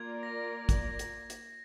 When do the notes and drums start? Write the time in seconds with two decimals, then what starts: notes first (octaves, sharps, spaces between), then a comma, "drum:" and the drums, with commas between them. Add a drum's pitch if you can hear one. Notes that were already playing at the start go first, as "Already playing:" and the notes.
Already playing: A#3 F4 A#4 D5 G#6
0.23 A#6
0.69 drum: kick, hi-hat
0.99 drum: hi-hat
1.30 drum: hi-hat